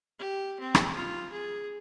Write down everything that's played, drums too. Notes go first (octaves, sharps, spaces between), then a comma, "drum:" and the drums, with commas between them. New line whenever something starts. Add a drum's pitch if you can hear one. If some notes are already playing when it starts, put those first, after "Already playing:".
G4
C4
drum: rim click
F4
G#4